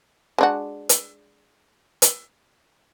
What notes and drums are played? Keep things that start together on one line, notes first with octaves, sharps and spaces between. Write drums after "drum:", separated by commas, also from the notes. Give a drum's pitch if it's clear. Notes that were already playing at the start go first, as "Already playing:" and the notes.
G#3 D4 F#4
drum: hi-hat
drum: hi-hat